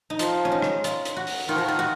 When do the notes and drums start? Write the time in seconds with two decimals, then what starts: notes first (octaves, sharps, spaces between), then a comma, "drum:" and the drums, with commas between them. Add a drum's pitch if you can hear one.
0.10 D#4
0.19 F3 F4, drum: hi-hat
0.45 C#4
0.52 D#4
0.62 drum: rim click
0.84 F4, drum: hi-hat
1.05 drum: hi-hat
1.16 F#4
1.27 drum: open hi-hat
1.49 D#3 F4
1.57 F3 F#4
1.65 D#3 F4
1.79 F#4